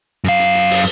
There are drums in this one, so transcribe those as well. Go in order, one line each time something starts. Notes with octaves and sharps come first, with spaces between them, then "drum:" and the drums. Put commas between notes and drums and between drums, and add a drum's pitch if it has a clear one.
F#2 F5, drum: hi-hat
drum: hi-hat
drum: hi-hat
drum: open hi-hat